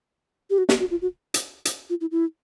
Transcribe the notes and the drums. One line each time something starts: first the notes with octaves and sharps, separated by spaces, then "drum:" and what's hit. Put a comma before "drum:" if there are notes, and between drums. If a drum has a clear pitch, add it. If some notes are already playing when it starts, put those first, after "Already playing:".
G4
F#4
G4, drum: snare
F#4
F4
F#4
drum: hi-hat
drum: hi-hat
F4
E4
E4